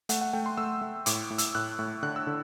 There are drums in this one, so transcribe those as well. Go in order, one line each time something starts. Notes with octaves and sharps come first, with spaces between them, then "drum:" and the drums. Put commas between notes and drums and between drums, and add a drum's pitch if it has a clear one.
A3 F#5, drum: hi-hat
F#5
A3 G5
C6
A3 E6
A3
A2 D6, drum: hi-hat
A2
E6, drum: hi-hat
A2 F#6
A2
D3 F#6
E6
D3